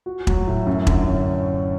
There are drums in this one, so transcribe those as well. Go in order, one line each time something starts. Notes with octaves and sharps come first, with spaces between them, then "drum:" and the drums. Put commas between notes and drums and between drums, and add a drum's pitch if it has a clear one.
F#4
F#3, drum: kick E1
A2
F#2
D3, drum: kick E1
C#4